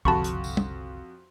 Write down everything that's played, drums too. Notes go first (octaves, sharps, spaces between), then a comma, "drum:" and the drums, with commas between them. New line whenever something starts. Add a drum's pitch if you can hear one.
F#1 C2 F2 D3 F#4 A5 B5 C#6, drum: kick
drum: hi-hat
drum: tambourine
drum: tom